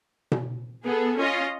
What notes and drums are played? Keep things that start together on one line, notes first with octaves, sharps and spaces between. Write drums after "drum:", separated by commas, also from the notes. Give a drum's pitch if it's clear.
drum: tom B2
B3 G#4 A4
C#4 F4 D#5